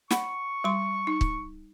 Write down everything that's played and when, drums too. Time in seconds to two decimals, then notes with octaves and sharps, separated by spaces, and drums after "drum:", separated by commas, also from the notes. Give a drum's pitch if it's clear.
0.11 F#5 B5 C#6, drum: snare
0.64 G3 C6
1.07 D#4
1.21 drum: kick